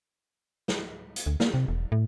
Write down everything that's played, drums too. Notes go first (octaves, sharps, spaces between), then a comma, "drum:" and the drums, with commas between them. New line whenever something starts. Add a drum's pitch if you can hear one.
drum: snare
drum: hi-hat
D2
A#3, drum: snare
C3
E1
A2